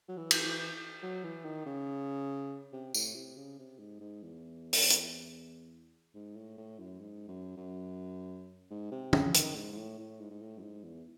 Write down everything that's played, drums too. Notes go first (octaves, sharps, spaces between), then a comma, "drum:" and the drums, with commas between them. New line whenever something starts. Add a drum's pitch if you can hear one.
F#3
E3
drum: cymbal
E3
F#3
E3
D#3
C#3
C3
A2, drum: tambourine
C3
C#3
C3
G#2
G#2
E2
drum: open hi-hat
drum: hi-hat
G#2
A2
A2
F#2
G#2
F#2
F#2
G#2
C3
C#3, drum: tom
D#3, drum: hi-hat
G#2
G#2
A2
A2
G#2
G#2
A2
F#2
G#2
E2